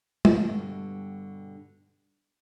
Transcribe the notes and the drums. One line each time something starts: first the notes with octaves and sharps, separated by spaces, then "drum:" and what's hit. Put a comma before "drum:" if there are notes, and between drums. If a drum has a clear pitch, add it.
G2 B2 D3, drum: tom